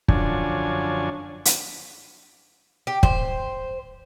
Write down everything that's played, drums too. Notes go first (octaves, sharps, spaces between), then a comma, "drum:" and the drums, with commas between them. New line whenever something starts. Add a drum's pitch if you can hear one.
F#2 D3 F3 D4 C#5 G#5, drum: kick
drum: hi-hat
G4
C5, drum: kick